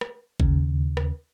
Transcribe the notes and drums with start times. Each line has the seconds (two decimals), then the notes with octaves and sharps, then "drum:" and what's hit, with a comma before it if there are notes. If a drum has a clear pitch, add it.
0.01 drum: rim click
0.40 D#2 C#3, drum: kick G#1
0.97 drum: rim click